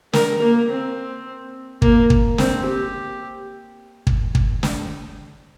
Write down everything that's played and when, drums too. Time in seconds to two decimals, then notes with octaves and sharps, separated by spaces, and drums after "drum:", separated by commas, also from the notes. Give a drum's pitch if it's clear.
0.13 A#4, drum: snare
0.42 A#3
0.70 C4
1.82 A#3, drum: kick
2.10 drum: kick
2.38 C4, drum: snare
2.66 G4
4.07 drum: kick
4.35 drum: kick
4.63 drum: snare